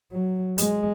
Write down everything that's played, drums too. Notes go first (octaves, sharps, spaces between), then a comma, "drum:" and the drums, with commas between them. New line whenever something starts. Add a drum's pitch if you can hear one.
F#3
G#3, drum: hi-hat